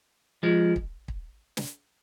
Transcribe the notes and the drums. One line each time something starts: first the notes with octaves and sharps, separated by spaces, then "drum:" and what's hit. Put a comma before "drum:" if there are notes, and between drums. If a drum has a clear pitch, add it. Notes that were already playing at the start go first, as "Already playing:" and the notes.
F3 G#3
drum: kick
drum: kick
drum: snare